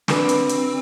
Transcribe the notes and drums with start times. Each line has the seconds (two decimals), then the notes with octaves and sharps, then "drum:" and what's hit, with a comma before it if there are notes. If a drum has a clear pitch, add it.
0.08 C4 D4 F#4 B4, drum: snare
0.29 drum: hi-hat
0.49 drum: hi-hat